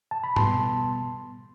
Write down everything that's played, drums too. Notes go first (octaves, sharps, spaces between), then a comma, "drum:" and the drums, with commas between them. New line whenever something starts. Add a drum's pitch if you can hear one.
A5
B5
B2 G3 B3 A5 C6, drum: tom